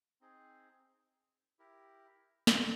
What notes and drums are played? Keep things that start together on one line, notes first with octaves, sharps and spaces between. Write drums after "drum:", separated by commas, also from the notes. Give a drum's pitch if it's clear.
C4 D#4 G#4
E4 G4 A#4
drum: snare